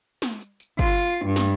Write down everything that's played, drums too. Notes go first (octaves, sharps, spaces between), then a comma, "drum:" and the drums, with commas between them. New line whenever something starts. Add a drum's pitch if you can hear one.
drum: snare
drum: tambourine
drum: tambourine
F4, drum: kick, tambourine
drum: tambourine
G2
drum: snare